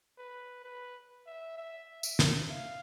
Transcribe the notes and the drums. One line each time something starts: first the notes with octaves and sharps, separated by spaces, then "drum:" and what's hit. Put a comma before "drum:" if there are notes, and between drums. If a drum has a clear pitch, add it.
B4
B4
E5
E5
E5, drum: tambourine
drum: snare
F5